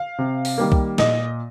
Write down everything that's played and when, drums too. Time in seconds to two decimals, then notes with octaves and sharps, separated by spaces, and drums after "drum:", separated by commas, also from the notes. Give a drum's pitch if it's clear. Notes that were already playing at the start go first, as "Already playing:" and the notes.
Already playing: F5
0.18 C3
0.45 drum: open hi-hat
0.58 D#3 G3 A#3
0.72 drum: kick C2
0.98 A#2 D#5, drum: snare